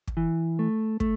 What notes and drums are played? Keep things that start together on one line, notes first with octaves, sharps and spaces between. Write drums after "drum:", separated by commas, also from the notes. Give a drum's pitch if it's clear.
drum: kick
E3
A3
A3, drum: kick